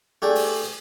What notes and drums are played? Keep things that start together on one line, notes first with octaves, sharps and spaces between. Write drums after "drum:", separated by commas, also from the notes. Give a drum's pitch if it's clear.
A3 D4 G4 G#4
drum: open hi-hat